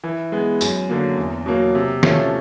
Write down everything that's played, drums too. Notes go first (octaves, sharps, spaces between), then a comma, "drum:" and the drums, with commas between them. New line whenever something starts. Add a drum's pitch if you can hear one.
E3
G#3 B3
F#2, drum: tambourine
D3 F#3 A#3
E2
B2 F#3 A#3
C3
F3 A3 C#4, drum: snare